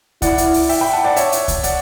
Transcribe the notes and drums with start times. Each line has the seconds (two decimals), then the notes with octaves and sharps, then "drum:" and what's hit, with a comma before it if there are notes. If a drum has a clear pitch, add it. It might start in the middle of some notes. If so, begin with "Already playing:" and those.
0.22 E4 D5 F#5, drum: kick C#2, hi-hat
0.38 drum: hi-hat
0.54 drum: open hi-hat
0.69 E5 G5, drum: open hi-hat
0.81 G5 B5
0.93 F#5 A5
1.04 D5 F#5
1.16 C#5 E5, drum: hi-hat
1.32 drum: hi-hat
1.48 drum: kick C#2, hi-hat
1.63 D5 F#5, drum: hi-hat